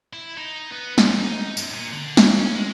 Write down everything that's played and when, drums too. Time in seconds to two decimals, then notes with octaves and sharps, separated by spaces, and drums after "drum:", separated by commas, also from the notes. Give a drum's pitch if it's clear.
0.13 E4
0.38 D#4
0.72 B3
0.98 F3, drum: snare
1.21 D#4
1.57 F#2, drum: tambourine
1.73 A#2
1.92 D3
2.17 F#3, drum: snare
2.39 C#4
2.55 G#3